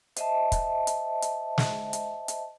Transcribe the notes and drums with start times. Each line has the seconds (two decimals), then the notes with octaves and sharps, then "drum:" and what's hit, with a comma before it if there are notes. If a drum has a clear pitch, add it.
0.16 C5 D#5 E5 A5, drum: hi-hat
0.52 drum: kick, hi-hat
0.87 drum: hi-hat
1.22 drum: hi-hat
1.58 drum: snare
1.93 drum: hi-hat
2.28 drum: hi-hat